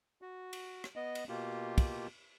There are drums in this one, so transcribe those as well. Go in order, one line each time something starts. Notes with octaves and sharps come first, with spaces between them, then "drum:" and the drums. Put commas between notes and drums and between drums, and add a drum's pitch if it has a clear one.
F#4
drum: cymbal
drum: rim click
B3 D#5
drum: cymbal
B2 A#3 F4 G4
drum: kick, cymbal